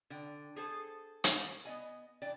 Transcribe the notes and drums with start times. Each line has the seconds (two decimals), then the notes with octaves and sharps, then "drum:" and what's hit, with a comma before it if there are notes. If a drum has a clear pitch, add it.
0.10 D3 G5
0.56 G#4 A4 C5
1.24 drum: hi-hat
1.65 B3 D#5 G#5
2.22 E3 D4 D5 G5